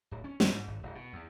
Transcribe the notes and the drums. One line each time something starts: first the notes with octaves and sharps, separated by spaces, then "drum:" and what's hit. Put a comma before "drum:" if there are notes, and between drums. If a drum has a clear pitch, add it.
D1
C#4
F#1, drum: snare
G#2
G#1
E1
B2
E2